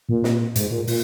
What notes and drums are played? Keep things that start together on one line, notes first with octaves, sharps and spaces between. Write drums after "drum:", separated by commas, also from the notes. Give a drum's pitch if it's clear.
A#2
drum: snare
G#2, drum: hi-hat
A#2
A#2, drum: open hi-hat